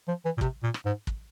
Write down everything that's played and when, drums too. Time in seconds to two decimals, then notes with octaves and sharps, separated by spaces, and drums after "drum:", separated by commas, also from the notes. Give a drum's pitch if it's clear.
0.08 F3
0.25 E3
0.37 A#2
0.41 C3, drum: kick
0.63 A#2
0.74 drum: rim click
0.85 G#2
1.07 drum: kick